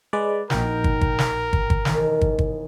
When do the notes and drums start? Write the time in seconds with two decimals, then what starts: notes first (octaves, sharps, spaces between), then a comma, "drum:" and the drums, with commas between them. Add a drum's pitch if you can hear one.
0.13 G#3 B4 D5
0.50 A#1 D#4 F#4 A#4 G5, drum: snare
0.84 drum: kick
1.01 drum: kick
1.19 drum: snare
1.53 drum: kick
1.70 drum: kick
1.85 E1 D#3, drum: snare
2.21 drum: kick
2.39 drum: kick